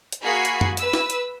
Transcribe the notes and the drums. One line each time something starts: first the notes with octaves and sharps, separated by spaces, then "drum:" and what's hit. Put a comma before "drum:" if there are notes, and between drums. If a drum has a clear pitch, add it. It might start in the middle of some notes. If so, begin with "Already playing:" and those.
drum: hi-hat
A#3 F#4 G#4 G#5 B5 C7
drum: hi-hat
drum: tom F#2
B4 E6, drum: hi-hat
drum: snare
drum: hi-hat